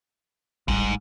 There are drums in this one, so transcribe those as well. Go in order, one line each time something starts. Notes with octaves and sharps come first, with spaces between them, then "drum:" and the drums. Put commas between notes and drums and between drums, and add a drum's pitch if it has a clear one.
A1 G#2 G3, drum: kick D1